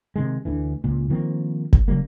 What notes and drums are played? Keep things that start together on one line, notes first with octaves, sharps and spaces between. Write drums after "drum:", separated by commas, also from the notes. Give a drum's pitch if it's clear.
C3 D#3 G#3
D2 D3 E3
C#2 A#2
D#3 F3 A#3 C4
drum: kick G1
C#3 F#3 G3 A#3